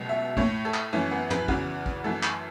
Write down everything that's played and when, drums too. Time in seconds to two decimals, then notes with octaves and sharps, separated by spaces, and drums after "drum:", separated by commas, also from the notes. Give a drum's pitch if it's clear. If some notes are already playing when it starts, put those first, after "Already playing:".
Already playing: C#2 B2 F#3 A3
0.09 E5
0.37 A2 A3 C#5, drum: kick
0.65 A4
0.74 drum: clap
0.93 F#2 E3 A3 C#4
1.11 B3
1.30 B4, drum: tom
1.48 E2 C#3 E3 F#4, drum: kick
1.86 drum: kick
2.04 F#2 E3 A3 A4
2.23 drum: clap